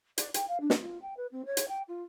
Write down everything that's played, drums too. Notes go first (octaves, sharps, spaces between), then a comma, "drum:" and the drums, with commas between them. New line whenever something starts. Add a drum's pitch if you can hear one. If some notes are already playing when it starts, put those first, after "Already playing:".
D5, drum: hi-hat
G5, drum: hi-hat
F5
D4
drum: snare
F4
G5
B4
C4
C#5
drum: hi-hat
G5
F4